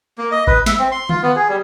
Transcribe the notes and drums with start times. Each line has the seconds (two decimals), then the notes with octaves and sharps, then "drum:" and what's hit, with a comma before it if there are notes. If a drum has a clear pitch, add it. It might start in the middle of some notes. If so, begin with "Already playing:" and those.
0.18 A#3
0.32 D#5
0.47 B4, drum: kick G#1
0.66 E5, drum: snare
0.79 C4
0.92 C6
1.09 F4, drum: tom D3
1.23 B3
1.36 G#4
1.49 G3